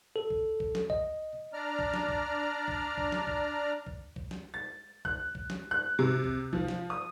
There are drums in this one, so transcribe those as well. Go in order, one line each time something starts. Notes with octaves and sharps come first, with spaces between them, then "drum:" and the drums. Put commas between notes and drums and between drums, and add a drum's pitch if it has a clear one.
A4
drum: kick C2
drum: kick C2
drum: snare
D#5, drum: kick C2
D4 D5 A#5 F6
drum: kick C2
drum: snare
drum: kick C2
drum: kick C2
drum: kick C2
drum: snare
drum: kick C2
drum: kick C2
drum: kick C2
drum: snare
A6
F#6, drum: kick C2
drum: kick C2
drum: snare
F#6
C3
drum: kick C2
F3, drum: kick C2
drum: snare
D#6